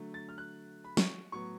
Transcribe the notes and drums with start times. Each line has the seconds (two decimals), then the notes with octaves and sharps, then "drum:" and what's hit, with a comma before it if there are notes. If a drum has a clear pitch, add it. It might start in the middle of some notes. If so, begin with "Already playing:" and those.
Already playing: D3 F#3 A3
0.14 A6
0.29 F6
0.38 F#6
0.84 B5
0.97 C#6, drum: snare
1.32 A2 F#3 B3 C#6